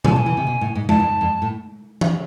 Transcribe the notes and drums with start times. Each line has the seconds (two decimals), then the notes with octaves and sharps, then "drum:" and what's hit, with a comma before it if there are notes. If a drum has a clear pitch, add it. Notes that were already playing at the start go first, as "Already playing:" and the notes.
0.05 F3 G#5, drum: tom B2
0.11 A5
0.16 E3
0.19 G#5
0.26 E3
0.37 C3
0.47 B2
0.61 A2
0.75 G#2
0.89 F2 A5, drum: tom G#3
1.00 F2
1.21 F2
1.42 A2
2.01 drum: tom E3